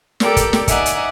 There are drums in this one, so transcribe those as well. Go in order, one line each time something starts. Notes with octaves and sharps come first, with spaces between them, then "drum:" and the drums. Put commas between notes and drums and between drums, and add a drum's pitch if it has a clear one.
G4 A4 A#4 D5 G5, drum: snare
drum: kick, hi-hat
drum: snare
D#4 D5 E5 F#5 G#5 A#5, drum: kick, hi-hat
drum: hi-hat